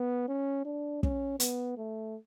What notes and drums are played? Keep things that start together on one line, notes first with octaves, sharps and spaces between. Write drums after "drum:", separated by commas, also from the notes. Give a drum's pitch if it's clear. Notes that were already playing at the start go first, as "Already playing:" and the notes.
Already playing: B3
C#4
D4
C#4, drum: kick
B3, drum: hi-hat
A3